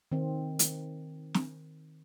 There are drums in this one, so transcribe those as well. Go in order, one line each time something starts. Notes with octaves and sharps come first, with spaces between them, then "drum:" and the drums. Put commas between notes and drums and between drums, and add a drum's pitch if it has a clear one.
D#3 C4
drum: hi-hat
drum: snare